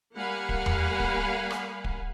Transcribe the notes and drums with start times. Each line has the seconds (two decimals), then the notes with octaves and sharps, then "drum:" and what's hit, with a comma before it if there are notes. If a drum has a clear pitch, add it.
0.15 G3 A#3 F5 F#5 G#5 B5
0.49 drum: kick D1
0.66 drum: tom E2
1.00 drum: kick D1
1.51 drum: rim click
1.84 drum: kick D1